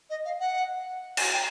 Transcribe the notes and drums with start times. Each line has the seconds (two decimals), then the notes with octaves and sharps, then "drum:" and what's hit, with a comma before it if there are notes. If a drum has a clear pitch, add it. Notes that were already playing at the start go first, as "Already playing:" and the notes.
0.09 D#5
0.24 F5
0.39 F#5
1.17 G#5, drum: cymbal
1.32 G5